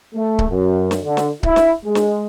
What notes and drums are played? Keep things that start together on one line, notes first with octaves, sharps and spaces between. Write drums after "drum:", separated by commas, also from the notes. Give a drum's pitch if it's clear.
A3
drum: kick C#1
F#2
drum: snare
D3
drum: snare
E4, drum: kick C#1
drum: snare
G#3
drum: snare